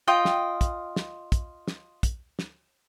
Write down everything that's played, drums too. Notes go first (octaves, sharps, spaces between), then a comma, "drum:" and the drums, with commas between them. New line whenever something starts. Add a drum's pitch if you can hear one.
F4 D#5 G5
drum: snare
drum: kick, hi-hat
drum: snare
drum: kick, hi-hat
drum: snare
drum: kick, hi-hat
drum: snare